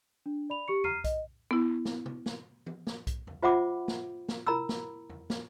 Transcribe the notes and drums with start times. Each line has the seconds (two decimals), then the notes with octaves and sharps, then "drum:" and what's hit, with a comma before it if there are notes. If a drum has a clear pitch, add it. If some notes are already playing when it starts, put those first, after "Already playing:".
0.26 D4
0.50 D5 B5 F7
0.68 G4 C#6 C#7
0.84 A#5 F6 C7 D#7, drum: tom E2
1.04 D#5, drum: kick B1, hi-hat
1.51 B3 E4
1.85 drum: snare
2.06 drum: tom C3
2.26 drum: snare
2.66 drum: tom E3
2.87 drum: snare
3.07 drum: kick B1, hi-hat
3.27 drum: tom E2
3.43 F4 C5 E5 F#5 B5 D6
3.88 drum: snare
4.29 drum: snare
4.47 E4 A#4 A#5 B5 E6, drum: tom
4.69 drum: snare
5.10 drum: tom E2
5.30 drum: snare